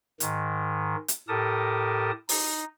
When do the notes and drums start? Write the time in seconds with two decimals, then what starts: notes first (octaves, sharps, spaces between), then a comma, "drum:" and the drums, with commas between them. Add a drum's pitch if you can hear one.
0.20 G#2 D#3, drum: hi-hat
1.08 drum: hi-hat
1.28 A2 G4 A4 A#4 A5 D#6
2.29 D#4, drum: open hi-hat